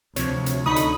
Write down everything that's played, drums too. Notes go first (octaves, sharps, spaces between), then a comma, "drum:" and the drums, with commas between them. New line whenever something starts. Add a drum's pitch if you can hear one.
D2 C3 F3 C#5, drum: hi-hat
drum: hi-hat
D3 D#4 B5 C#6 D#6
drum: hi-hat